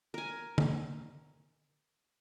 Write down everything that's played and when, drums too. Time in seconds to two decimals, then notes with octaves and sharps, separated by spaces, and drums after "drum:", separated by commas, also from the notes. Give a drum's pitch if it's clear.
0.14 A#4 G#5
0.58 drum: tom